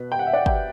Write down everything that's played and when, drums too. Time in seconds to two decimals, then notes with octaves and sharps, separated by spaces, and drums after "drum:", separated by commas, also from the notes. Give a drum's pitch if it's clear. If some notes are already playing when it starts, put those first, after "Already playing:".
Already playing: B2 B4
0.12 G5
0.19 F#5
0.26 E5
0.33 D5 F#5
0.46 E5 G5, drum: kick